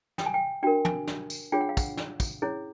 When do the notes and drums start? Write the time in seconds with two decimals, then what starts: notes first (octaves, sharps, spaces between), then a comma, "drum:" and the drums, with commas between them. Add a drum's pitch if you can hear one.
0.18 G5, drum: snare
0.26 G#5
0.34 G5
0.63 D4 F#4 A#4 G5
0.85 G#5, drum: tom
1.08 drum: snare
1.30 drum: tambourine
1.52 D4 F4 G#4 C#5 G5
1.61 F#5
1.69 F5
1.77 F#5, drum: kick, tambourine
1.97 drum: snare
2.20 drum: kick, tambourine
2.42 C#4 E4 G#4 C#5